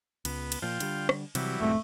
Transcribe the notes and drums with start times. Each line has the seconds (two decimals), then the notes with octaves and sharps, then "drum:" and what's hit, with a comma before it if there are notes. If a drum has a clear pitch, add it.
0.25 C#2 B3, drum: cymbal
0.52 drum: cymbal
0.62 A#2 F3 F4 G5
0.80 D3 G3, drum: cymbal
1.09 drum: rim click
1.35 C3 E3 F#3 G3, drum: cymbal
1.61 E1 G#2 A3 C4